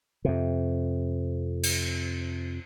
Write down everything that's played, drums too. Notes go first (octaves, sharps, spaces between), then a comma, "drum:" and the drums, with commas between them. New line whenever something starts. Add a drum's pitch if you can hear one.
F2 C3
drum: cymbal